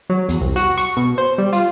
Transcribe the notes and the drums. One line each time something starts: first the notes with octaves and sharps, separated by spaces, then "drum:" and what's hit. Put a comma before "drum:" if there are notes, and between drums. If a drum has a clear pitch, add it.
F#3
E2, drum: hi-hat
C2
F#4, drum: hi-hat
C#6, drum: hi-hat
B2
C5
G3
F4, drum: hi-hat